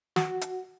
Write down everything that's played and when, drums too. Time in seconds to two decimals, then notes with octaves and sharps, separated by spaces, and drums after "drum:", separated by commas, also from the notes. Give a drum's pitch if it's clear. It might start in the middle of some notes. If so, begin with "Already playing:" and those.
0.16 F#4, drum: snare
0.41 drum: hi-hat